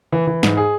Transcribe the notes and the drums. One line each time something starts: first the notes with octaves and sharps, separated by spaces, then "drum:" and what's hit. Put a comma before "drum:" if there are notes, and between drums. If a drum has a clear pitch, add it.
E3
E3
G#2, drum: snare
G#4